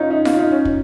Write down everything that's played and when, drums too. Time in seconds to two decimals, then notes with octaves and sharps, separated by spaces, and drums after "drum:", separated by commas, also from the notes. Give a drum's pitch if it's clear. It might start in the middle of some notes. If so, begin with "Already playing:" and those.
Already playing: C#4 D#4 F4
0.11 D#4
0.25 F4, drum: snare F4
0.38 D#4
0.51 C#4
0.65 drum: kick